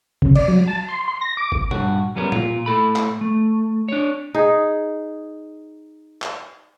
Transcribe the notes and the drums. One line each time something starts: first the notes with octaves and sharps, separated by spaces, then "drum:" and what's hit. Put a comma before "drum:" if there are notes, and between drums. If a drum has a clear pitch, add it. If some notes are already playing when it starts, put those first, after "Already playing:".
C#3, drum: kick G#1
D5, drum: cymbal
F#3
A5
C6
C6
A#6
D6
drum: kick G#1
G2 F#4, drum: tom A#2
F#2 G3 B3 C#4 G4 A#4
A#2 F4, drum: tom A2
A2 A4 B5
drum: clap
A3
D4 C#5
D#4 G#4
drum: clap